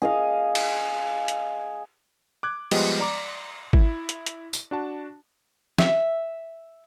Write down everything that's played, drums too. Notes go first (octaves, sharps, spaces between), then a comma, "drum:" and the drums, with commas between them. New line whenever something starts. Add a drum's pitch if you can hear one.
G#4 D#5 F5
drum: cymbal
drum: hi-hat
D6 F#6 G#6
F3 G3 G#3 B3 G4 D#5, drum: cymbal
D5 A#5 D6
E4 B5, drum: kick G#1
drum: hi-hat
drum: hi-hat
drum: tambourine
D4 F#4 A5
E5, drum: snare